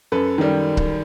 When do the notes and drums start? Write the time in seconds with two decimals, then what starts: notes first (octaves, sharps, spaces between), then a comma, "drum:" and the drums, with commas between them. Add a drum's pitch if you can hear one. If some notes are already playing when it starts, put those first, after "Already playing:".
0.12 F#2 A4 B4
0.38 D#3 G3
0.77 drum: kick C#1